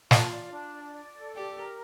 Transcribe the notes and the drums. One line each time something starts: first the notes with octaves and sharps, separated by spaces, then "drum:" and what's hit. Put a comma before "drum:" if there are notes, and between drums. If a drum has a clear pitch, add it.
F4 A5, drum: snare
D5
D4
D5
D5
A4
G4 D5
A#4